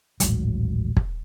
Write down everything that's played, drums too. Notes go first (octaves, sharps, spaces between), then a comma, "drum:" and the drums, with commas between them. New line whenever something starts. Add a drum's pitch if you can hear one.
D#1 A1 G#2 F#3, drum: hi-hat
drum: kick